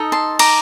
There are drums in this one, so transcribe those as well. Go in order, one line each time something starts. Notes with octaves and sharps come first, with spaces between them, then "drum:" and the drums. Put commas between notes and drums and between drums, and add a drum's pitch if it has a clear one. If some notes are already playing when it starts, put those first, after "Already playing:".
Already playing: D#4 A4 D#5
A5 C6
A#5 D6, drum: cymbal